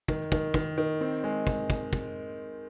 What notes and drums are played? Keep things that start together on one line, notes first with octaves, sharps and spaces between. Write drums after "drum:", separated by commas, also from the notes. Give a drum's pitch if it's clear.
D#3, drum: kick
D#3, drum: kick
D#3, drum: kick
D#3
C4
G#3
drum: kick
drum: kick
drum: kick